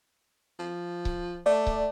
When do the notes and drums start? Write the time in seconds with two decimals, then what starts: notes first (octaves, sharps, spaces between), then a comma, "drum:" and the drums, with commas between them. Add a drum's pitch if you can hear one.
0.59 F3
1.05 drum: kick C#1
1.46 A3 D5
1.67 drum: kick C#1